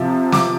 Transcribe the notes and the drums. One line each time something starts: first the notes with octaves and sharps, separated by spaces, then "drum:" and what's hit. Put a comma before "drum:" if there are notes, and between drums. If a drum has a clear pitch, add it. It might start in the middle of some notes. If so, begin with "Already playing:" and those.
Already playing: C3 F3
D6, drum: snare